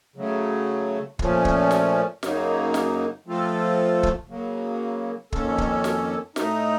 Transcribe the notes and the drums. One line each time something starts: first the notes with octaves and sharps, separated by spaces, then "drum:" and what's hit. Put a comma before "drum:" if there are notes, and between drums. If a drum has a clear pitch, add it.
C#3 F#3 A3
A#2 F3 A3 C#4, drum: kick
drum: kick
drum: snare
F#2 C#3 F#3 A#3 D#4, drum: snare
drum: snare
F3 A3 C4 F4 A4
drum: kick
C#3 F#3 A#3
F2 D#3 A#3 C#4 A4, drum: kick
drum: kick
drum: snare
A2 A3 D#4, drum: snare